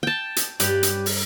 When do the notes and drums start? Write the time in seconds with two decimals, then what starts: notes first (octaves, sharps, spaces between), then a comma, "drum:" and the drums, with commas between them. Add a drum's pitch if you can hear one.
0.03 G5 A5
0.36 drum: hi-hat
0.60 G2 C#4 D4 G4 B4 D5, drum: hi-hat
0.83 drum: hi-hat
1.06 drum: open hi-hat